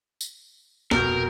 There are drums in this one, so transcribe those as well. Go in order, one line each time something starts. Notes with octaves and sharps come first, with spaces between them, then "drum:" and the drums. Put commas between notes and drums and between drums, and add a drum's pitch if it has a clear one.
drum: tambourine
F1 B2 A#4 G6, drum: snare